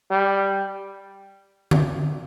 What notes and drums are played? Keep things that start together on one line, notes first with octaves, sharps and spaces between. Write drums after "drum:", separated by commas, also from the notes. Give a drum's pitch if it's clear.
G3
drum: tom D3